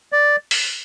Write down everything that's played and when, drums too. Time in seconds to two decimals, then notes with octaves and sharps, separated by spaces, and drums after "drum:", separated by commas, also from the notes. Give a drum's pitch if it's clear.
0.12 D5
0.51 drum: open hi-hat